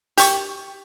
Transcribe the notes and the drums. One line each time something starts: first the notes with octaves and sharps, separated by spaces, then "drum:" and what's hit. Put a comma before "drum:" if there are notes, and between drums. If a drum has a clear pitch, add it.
G4 C#6, drum: hi-hat